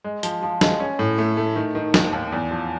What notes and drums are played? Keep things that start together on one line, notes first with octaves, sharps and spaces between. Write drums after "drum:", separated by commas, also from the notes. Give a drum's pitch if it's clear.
G#3
F3, drum: hi-hat
F3
G#3, drum: snare
C#4
A2
A3
A3
D#3
D#3
D#2, drum: snare
D#2
E2
F3